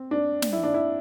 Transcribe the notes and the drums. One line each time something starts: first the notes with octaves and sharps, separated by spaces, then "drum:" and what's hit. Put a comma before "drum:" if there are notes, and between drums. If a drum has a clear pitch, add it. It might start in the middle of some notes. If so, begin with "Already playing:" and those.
Already playing: C4
D4
drum: snare
E4
D4
E4